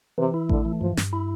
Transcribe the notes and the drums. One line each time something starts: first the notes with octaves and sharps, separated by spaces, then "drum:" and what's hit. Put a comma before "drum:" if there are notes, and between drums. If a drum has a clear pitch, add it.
C3 E3
E4
D3 A3, drum: kick A1
E3
G2 F3
G2, drum: snare
E4